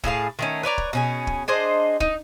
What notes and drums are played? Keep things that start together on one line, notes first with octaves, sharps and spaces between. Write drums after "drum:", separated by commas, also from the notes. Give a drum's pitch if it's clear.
A2 G#4 F5 A5, drum: kick
D#3 A3 C#4
B4 C#5 D5 A#5
drum: kick
B2 C#4 G#4
drum: kick
D4 G#4 C5 D#5
D#4, drum: kick